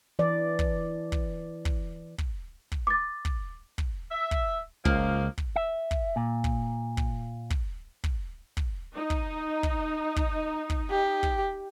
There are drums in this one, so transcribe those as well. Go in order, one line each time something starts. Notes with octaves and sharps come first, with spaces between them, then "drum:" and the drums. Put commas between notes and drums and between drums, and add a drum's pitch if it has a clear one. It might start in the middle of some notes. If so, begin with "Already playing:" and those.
E3 D5
drum: kick
drum: kick
drum: kick
drum: kick
drum: kick
D6 A6
drum: kick
drum: kick
E5
drum: kick
C#2 F3 A#3, drum: kick
drum: kick
E5
drum: kick
A#2
drum: kick
drum: kick
drum: kick
drum: kick
drum: kick
D#4
drum: kick
drum: kick
drum: kick
drum: kick
G4
drum: kick